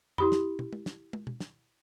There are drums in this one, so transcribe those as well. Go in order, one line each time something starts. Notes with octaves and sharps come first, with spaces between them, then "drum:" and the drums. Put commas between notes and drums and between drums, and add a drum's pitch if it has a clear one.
E4 G4 B5, drum: tom F2
drum: snare
drum: tom
drum: tom
drum: snare
drum: tom
drum: tom B2
drum: snare